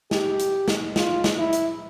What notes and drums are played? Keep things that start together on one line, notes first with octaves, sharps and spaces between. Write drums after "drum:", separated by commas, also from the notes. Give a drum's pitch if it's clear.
G4, drum: snare
drum: hi-hat
drum: snare
F4, drum: snare
drum: snare
E4
drum: hi-hat